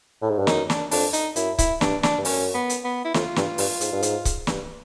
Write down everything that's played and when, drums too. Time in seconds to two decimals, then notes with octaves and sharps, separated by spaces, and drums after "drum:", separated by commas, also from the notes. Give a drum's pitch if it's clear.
0.21 A2
0.30 G#2
0.39 G2
0.47 F#2 D#4, drum: snare
0.70 D4, drum: snare
0.91 F2 D4, drum: open hi-hat
1.13 D#4, drum: hi-hat
1.36 F#2 E4, drum: hi-hat
1.59 E4, drum: kick C#1, hi-hat
1.81 G2 D4, drum: snare
2.03 D4, drum: snare
2.18 G2
2.25 F#2 C#4, drum: open hi-hat
2.55 B3
2.70 drum: hi-hat
2.85 B3
3.05 E4
3.14 F2 F4, drum: snare
3.36 G2, drum: snare
3.58 G2, drum: open hi-hat
3.81 G#2, drum: hi-hat
3.92 G2
4.02 G#2, drum: hi-hat
4.25 drum: kick C#1, hi-hat
4.47 G2, drum: snare